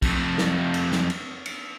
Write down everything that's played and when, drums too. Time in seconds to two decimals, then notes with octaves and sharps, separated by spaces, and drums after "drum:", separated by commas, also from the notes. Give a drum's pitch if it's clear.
0.02 F2 A3, drum: kick, cymbal
0.38 drum: snare
0.74 drum: cymbal
0.92 drum: snare
1.10 drum: cymbal
1.46 drum: cymbal